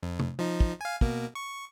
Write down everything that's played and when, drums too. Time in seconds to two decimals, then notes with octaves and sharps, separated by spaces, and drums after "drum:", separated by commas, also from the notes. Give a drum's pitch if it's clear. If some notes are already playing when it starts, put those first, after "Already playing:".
0.03 F2
0.20 drum: tom C3
0.39 F3 D#4
0.60 drum: kick
0.81 F5 G#5
1.01 B2 A#3, drum: kick
1.35 C#6